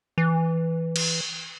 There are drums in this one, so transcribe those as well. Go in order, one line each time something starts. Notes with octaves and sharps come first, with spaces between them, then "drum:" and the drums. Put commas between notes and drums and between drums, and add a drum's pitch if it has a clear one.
E3
drum: cymbal